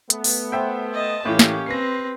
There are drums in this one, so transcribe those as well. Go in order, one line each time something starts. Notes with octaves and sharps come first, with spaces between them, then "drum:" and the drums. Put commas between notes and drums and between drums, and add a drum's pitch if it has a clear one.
A3 B3, drum: hi-hat
drum: open hi-hat
C5 E5 G5
D#5 A5
A2 E3 A#3 C#4 G4
drum: snare
C4 B4 A#6 C7